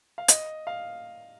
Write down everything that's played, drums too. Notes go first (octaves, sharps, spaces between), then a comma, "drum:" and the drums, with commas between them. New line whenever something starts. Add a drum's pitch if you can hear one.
F5
D#5, drum: hi-hat
F5